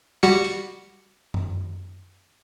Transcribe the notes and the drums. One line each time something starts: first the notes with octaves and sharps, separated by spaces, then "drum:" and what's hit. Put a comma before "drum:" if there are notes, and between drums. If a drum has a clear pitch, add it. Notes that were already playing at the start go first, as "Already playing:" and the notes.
G3 F#4 C#7
drum: hi-hat
drum: tom F#2